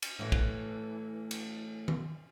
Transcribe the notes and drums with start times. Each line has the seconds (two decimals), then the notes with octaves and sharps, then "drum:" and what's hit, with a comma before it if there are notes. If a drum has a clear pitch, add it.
0.02 drum: cymbal
0.19 A2 E3
0.32 drum: kick
1.31 drum: cymbal
1.88 drum: tom D#3